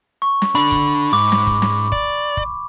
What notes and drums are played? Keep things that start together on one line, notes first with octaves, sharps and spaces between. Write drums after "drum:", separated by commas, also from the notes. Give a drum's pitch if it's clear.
C#6
drum: snare
D3 D4 B5
drum: kick
G#2 D6
drum: snare
drum: kick
drum: snare
D5, drum: kick
drum: kick